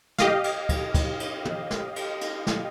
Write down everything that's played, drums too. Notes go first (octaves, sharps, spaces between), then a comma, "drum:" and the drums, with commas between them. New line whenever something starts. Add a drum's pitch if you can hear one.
G4 D#5 F5, drum: snare
drum: cymbal
drum: kick, cymbal
drum: kick, cymbal
drum: cymbal
drum: tom
drum: snare
drum: cymbal
drum: cymbal
drum: snare